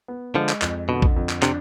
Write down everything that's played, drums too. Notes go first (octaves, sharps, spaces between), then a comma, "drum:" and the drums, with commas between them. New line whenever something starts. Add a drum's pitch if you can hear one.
B3
D3 F3 G#3
drum: clap
F2, drum: clap
B2 D3
drum: kick
F2
drum: clap
C3 D4, drum: clap